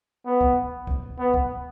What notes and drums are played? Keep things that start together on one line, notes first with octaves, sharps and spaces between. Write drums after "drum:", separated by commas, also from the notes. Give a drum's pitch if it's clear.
B3
drum: kick
drum: kick
B3
drum: kick